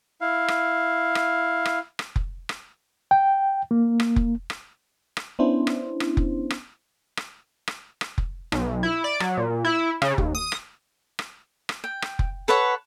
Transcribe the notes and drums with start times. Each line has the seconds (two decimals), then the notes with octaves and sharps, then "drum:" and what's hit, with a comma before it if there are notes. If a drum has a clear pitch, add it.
0.21 E4 F5
0.48 drum: rim click
1.15 drum: rim click
1.65 drum: rim click
1.99 drum: rim click
2.16 drum: kick F1
2.49 drum: rim click
3.11 G5
3.71 A#3
4.00 drum: rim click
4.16 drum: kick F1
4.50 drum: rim click
5.17 drum: rim click
5.39 B3 C#4 D4 E4 C5
5.67 drum: rim click
6.00 drum: rim click
6.17 drum: kick F1
6.50 drum: rim click
7.17 drum: rim click
7.68 drum: rim click
8.01 drum: rim click
8.18 drum: kick F1
8.52 B1, drum: rim click
8.83 E4
9.04 D5
9.20 F#3, drum: rim click
9.37 A#2
9.65 E4
10.02 C#3, drum: rim click
10.18 D#2, drum: kick F1
10.35 D#6
10.52 drum: rim click
11.19 drum: rim click
11.69 drum: rim click
11.84 G5
12.02 drum: rim click
12.19 drum: kick F1
12.48 A4 B4 C#5 F#5